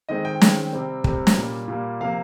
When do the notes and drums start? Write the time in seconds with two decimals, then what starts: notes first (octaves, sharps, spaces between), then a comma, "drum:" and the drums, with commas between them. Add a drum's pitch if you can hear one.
0.09 D#3 G#3 C4 D#5
0.25 G5
0.41 D#3 G#3 C4, drum: snare
0.73 C3 G3 C4
1.04 C3 G3 C4, drum: kick
1.27 drum: snare
1.36 A#2 G3 A#3
1.68 A#2 G3 A#3
2.00 C3 F3 A#3 F5